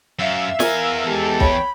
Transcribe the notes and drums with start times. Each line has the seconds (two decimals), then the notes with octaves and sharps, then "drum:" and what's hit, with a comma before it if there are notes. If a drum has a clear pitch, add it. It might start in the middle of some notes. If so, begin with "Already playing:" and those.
0.19 F#2 E5 F5 E6
0.60 E2 A#4 G#5, drum: snare
1.05 G#3 G4 A4
1.40 C#5 G5 B5, drum: kick